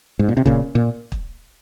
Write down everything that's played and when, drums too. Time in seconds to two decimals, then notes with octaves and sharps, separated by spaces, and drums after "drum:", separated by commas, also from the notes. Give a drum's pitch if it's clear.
0.19 G#2
0.29 A#2
0.37 C3
0.46 A#2 C#3, drum: kick
0.75 A#2
1.12 drum: kick